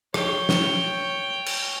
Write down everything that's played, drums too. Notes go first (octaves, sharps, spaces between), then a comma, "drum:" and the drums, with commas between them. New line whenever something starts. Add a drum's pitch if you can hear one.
C#5 G5, drum: rim click
drum: snare
drum: cymbal